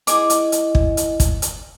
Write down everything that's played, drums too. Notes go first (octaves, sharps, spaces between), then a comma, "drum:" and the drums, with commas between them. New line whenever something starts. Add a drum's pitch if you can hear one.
E4 G#4 D#5 D6, drum: hi-hat
drum: hi-hat
drum: hi-hat
drum: kick
drum: hi-hat
drum: kick, hi-hat
drum: hi-hat